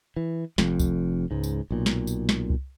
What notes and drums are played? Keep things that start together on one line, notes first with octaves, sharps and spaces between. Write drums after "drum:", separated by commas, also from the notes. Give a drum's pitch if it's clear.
E3
F1 F2, drum: snare
drum: kick C2, tambourine
C#2 G#2
drum: tambourine
B1 A#2
drum: snare
drum: tambourine
drum: snare
drum: kick C2